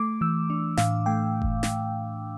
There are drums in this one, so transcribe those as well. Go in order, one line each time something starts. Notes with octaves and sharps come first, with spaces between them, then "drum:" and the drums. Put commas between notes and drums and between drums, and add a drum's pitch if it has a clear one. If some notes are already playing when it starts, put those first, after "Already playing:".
Already playing: A3 D6
E3 E6
D4
A2 F5, drum: snare
A3 G5
drum: kick F#1
drum: snare